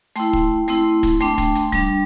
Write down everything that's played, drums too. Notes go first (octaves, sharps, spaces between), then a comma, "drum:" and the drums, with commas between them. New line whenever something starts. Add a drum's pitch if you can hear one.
A3 E4 G5 C6, drum: hi-hat
drum: kick
A3 C4 E4, drum: hi-hat
drum: kick, hi-hat
A3 D4 G5 C6, drum: hi-hat
drum: kick, hi-hat
drum: hi-hat
G3 D4, drum: kick, hi-hat